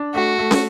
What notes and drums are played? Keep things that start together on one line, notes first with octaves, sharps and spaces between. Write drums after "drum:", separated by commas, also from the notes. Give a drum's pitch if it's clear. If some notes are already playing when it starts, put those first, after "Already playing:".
Already playing: D4
A3 F#4
A3
drum: snare